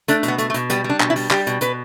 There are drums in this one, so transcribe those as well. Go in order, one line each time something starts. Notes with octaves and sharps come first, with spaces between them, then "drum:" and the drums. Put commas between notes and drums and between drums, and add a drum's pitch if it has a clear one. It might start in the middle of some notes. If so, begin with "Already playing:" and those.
A3 D4, drum: hi-hat
B2, drum: hi-hat
B3
A3, drum: hi-hat
A3
B2, drum: hi-hat
G3 B3, drum: hi-hat
G3
D4
B2, drum: clap
E4
G3, drum: open hi-hat
G3 G4, drum: clap
B2, drum: hi-hat
B2 B4, drum: hi-hat